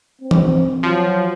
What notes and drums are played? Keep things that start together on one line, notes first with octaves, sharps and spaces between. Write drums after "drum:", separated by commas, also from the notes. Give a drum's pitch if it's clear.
C4
drum: tom E3
F3 F#3